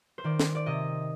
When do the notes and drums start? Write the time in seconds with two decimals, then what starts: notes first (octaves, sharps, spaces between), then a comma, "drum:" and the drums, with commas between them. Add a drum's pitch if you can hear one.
0.18 C5
0.24 D#3 D5
0.40 drum: snare
0.55 D5
0.66 C3 D#5